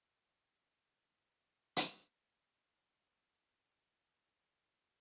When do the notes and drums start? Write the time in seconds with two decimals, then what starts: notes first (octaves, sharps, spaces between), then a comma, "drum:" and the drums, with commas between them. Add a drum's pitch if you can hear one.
0.08 F#5
0.68 A#5
0.83 A#5
1.60 A#5
1.77 drum: hi-hat
2.51 B5
2.66 E5
2.75 C#5
2.81 D#5
2.96 C#5
3.11 C#5
3.27 B4
4.02 D#5
4.63 A#4
4.78 F#4